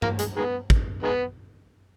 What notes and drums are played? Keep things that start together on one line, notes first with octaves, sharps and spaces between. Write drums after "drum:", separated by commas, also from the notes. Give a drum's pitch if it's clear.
A#3, drum: tom G2
G#3, drum: hi-hat
D#3 G#3 B3
drum: kick
D#3 G#3 B3